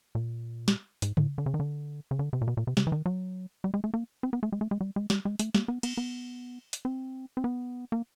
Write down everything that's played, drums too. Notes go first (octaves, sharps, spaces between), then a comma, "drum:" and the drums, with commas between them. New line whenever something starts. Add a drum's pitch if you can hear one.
A#2
drum: snare
G#2, drum: hi-hat
A2, drum: tom C#3
D3
C#3
D#3
D3
C#3
D3
C3
A#2
B2
A#2
C3
C#3, drum: snare
E3
D#3
F#3
G3
G#3
A3
A#3
C4
B3
A3
G#3
A3
G#3
G3
G#3
G3, drum: snare
G#3
A3, drum: hi-hat
A#3, drum: snare
B3
B3, drum: cymbal
B3
drum: hi-hat
C4
C4
B3
A#3